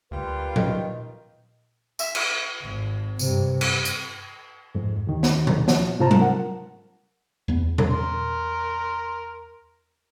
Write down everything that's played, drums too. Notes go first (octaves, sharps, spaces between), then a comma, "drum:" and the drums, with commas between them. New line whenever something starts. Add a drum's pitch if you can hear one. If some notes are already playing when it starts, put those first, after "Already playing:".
D2 G3 A#3 F4 B4
D#3 F#3, drum: tom A#2
E5, drum: tambourine
drum: cymbal
G#1
G2 C3, drum: tambourine
drum: cymbal
drum: hi-hat
F2 G#2
D#2 D#3
drum: snare
drum: tom A#2
F3, drum: snare
G#2 C3 F4 C5 A5 A#5
drum: tom F#3
A#4 F#5
E2 B3
drum: tom A#2
A#4 C6